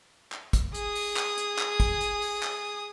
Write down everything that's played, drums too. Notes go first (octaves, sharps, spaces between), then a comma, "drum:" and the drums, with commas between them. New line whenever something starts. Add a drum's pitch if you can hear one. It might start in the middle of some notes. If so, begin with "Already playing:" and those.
drum: clap
drum: kick, hi-hat
G#4 D#6, drum: hi-hat
drum: open hi-hat
drum: clap
drum: hi-hat
drum: clap
drum: kick, hi-hat
drum: hi-hat
drum: open hi-hat
drum: clap